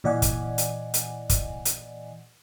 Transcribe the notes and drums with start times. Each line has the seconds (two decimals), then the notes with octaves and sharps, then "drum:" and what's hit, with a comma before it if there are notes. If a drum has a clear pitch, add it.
0.04 A#2 E3 D5 D#5 F#5 G#5
0.22 drum: kick, hi-hat
0.58 drum: hi-hat
0.94 drum: hi-hat
1.29 drum: kick, hi-hat
1.65 drum: hi-hat